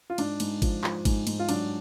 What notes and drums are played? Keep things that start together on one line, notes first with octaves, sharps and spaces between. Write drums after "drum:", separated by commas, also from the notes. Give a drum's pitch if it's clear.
F4
G#2 D4, drum: cymbal
G#2, drum: cymbal
F3, drum: kick G#1, cymbal
F3, drum: clap
G#2, drum: kick G#1, cymbal
G#2, drum: cymbal
F4
F#3 D4, drum: cymbal